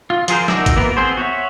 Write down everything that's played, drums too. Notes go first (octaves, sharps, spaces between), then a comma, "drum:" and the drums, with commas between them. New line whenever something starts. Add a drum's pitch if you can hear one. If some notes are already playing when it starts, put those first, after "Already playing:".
F4
F3 F4 G#4 A#4 C5, drum: hi-hat
D#4 F#4 A#4 D5 E5, drum: snare
drum: kick G#1, hi-hat
E3 A#3 B3 A#4
B3 C4 G#4 C5
F#4 C#5 E5